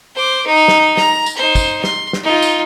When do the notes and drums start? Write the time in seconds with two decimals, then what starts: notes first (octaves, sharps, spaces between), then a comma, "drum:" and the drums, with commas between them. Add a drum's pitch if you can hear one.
0.15 C5 D6
0.47 D#4
0.68 drum: snare
0.97 A#5, drum: snare
1.26 drum: tambourine
1.37 D#4 C5
1.55 drum: kick, tambourine
1.84 C6, drum: snare
2.13 drum: snare
2.24 D#4 F4
2.42 drum: tambourine